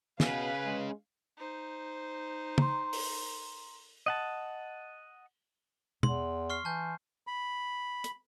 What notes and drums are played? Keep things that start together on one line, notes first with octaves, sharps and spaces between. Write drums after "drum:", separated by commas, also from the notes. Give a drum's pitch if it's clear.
B2 C#4 G#4 B4 F5, drum: snare
G#3
D#4 C5
A#5 C6, drum: tom
drum: open hi-hat
D#5 F#5 A5
E2 C6, drum: tom
C#6 F6 C7
E3 A5 G6
B5
drum: hi-hat